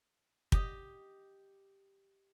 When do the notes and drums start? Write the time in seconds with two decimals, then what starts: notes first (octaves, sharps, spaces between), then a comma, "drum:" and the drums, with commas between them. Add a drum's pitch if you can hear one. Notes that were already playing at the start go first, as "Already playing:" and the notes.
0.52 G4 D#5, drum: kick